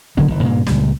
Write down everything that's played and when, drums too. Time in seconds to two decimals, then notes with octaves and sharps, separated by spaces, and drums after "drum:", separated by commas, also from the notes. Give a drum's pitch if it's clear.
0.17 C#3 F#3 A#3 C#4, drum: kick
0.30 F#1 D#3 E3
0.43 G2 A#2 C#3 A#3
0.67 C#2 A#2 G3, drum: snare